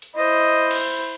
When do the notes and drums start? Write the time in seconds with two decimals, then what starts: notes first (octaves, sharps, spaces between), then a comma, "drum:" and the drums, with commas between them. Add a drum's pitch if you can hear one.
0.02 drum: open hi-hat
0.17 E4 C5 D#5
0.71 drum: cymbal